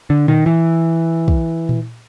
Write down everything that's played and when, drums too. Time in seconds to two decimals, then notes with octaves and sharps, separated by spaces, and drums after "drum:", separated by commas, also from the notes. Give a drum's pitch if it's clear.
0.10 D3
0.28 D#3, drum: tom A#2
0.46 E3
1.28 drum: kick
1.69 drum: tom A#2